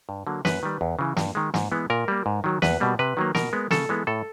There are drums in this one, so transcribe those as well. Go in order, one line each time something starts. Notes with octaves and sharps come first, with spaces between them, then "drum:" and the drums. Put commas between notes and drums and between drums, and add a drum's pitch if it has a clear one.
G2
D3 F#3 A#3
F#2 B4, drum: snare
D#3 G3
E2
C#3 E3
G2, drum: snare
D#3 G#3
G#2, drum: snare
E3 G#3 B3
A#2 A#4
G3 A#3
G#2
D#3 F#3
E2 B4, drum: snare
B2 G3 A#3
C3 B4
D#3 F#3 A#3
B2 A#4, drum: snare
G#3 B3
C#3 A4, drum: snare
E3 G#3 B3
A2 A4